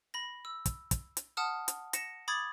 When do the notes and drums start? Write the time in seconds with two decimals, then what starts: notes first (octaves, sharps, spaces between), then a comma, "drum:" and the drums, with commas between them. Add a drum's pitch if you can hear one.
0.14 B5 A#6
0.45 E6
0.66 drum: kick, hi-hat
0.91 drum: kick, hi-hat
1.17 drum: hi-hat
1.37 F#5 A5 D#6 F6
1.68 drum: hi-hat
1.93 A#6 C#7 E7, drum: hi-hat
2.28 B5 D6 D#6 G#6 A6